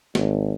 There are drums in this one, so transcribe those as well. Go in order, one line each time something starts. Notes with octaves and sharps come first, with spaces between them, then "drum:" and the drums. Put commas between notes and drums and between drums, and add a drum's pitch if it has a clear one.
G#1, drum: snare